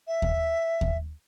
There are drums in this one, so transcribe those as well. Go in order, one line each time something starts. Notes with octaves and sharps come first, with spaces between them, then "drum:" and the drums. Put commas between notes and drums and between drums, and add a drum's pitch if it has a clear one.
E5
drum: kick D#2
drum: kick D#2